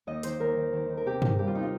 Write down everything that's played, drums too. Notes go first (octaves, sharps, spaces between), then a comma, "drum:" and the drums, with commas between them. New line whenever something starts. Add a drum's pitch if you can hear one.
D#2 D#5
D#3 C5, drum: hi-hat
D#2 A#4
D#3
D#3
D#3
A#4
C3 G4
D#3, drum: tom
G2 G4
F4
D#4
F4